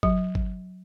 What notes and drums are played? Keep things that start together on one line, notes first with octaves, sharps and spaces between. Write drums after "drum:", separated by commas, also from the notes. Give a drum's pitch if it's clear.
F#3, drum: kick G1
drum: kick G1